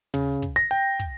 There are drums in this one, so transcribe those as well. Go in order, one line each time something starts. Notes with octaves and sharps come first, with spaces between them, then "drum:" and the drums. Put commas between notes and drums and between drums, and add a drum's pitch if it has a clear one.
C#3, drum: tom
drum: kick, hi-hat
A#6
G5
drum: kick, hi-hat